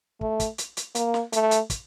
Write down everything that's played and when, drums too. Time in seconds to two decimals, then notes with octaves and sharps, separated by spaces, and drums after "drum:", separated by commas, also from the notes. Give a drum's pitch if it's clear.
0.21 A3, drum: kick
0.40 drum: kick, hi-hat
0.58 drum: hi-hat
0.77 drum: hi-hat
0.95 A#3, drum: hi-hat
1.14 drum: snare
1.33 A3, drum: hi-hat
1.51 drum: hi-hat
1.70 drum: kick, hi-hat